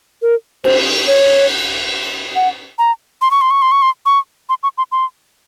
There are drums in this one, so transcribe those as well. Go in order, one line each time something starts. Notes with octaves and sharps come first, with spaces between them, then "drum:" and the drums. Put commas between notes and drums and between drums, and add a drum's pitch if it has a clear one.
A#4
C5, drum: cymbal
C#5
F#5
A#5
C6
C#6
C6
C#6
C6
C#6
C6
C#6
C6
C#6
C6
C6